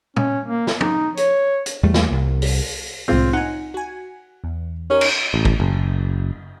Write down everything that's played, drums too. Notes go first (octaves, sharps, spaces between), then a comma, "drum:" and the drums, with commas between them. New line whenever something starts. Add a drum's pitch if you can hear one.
C#4, drum: tom
A#3
drum: snare
D#4, drum: tom
C#5, drum: hi-hat
drum: hi-hat
E2 G3 A3
drum: snare
C2
drum: open hi-hat
C2 A2 G#3 C4 F4
D#4 F#5 G#5
F#4 G#5
E2
C#4 D#4 G4 A#4
drum: cymbal
A1
drum: kick
F#1